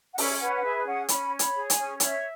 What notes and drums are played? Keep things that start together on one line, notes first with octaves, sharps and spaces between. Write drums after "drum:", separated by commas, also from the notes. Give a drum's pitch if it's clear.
F#5
C#4 E5, drum: open hi-hat
G#5
B4 F#5
F#5
G#4 E5
C#4 F#5
C#4 B5, drum: hi-hat
C#5
B5, drum: hi-hat
G#4
G#5, drum: hi-hat
C#4
C#5 E5, drum: hi-hat